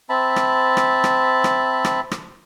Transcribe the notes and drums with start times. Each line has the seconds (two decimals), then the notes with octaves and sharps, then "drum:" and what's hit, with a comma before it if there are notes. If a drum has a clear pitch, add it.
0.09 C4 E5 A5 B5
0.36 drum: rim click
0.77 drum: rim click
1.04 drum: rim click
1.44 drum: rim click
1.85 drum: rim click
2.11 drum: rim click